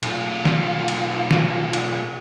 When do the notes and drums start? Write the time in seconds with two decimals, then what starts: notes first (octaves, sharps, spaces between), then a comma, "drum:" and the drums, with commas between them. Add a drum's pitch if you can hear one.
0.03 B1 F4, drum: cymbal
0.45 drum: snare E3
0.88 drum: cymbal
1.31 drum: snare E3
1.73 drum: cymbal